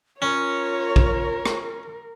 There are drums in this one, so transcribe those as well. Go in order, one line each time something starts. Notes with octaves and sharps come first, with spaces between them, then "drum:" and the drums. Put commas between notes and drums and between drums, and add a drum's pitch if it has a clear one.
C#4 F4 A#4 C#5
drum: kick A#1
drum: rim click